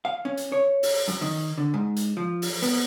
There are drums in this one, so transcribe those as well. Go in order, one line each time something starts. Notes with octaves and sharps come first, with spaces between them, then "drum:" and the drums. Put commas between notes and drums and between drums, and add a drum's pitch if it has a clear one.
F5
C#4
drum: hi-hat
C#5
drum: open hi-hat
F#2, drum: hi-hat
D#3
D3
G#2
drum: hi-hat
F3
drum: open hi-hat
B3, drum: open hi-hat